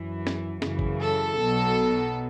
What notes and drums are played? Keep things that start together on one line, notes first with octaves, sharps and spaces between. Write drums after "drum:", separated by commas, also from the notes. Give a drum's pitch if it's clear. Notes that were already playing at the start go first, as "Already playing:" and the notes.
Already playing: F#2 E3
drum: snare
F#2 C#3 E3, drum: snare
drum: kick
A4
B1 B2 F#3